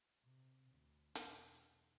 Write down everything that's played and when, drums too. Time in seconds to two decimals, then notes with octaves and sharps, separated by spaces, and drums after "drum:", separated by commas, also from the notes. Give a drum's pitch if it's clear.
0.24 C3
0.70 D2
1.15 B1 E2, drum: hi-hat